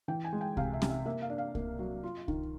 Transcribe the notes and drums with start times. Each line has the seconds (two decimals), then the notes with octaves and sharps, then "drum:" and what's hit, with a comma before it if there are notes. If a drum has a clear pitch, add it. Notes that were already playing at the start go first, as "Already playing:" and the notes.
0.08 E3 G5
0.25 G#5
0.33 G#3
0.41 G5
0.57 C3 F5, drum: kick C2
0.73 E5
0.82 C3, drum: snare C#4
0.89 E5
1.06 A#3 E5
1.22 F5
1.30 D4
1.38 F5
1.55 A#3, drum: kick C2
1.79 F#3
2.03 F4
2.28 D#3, drum: kick C2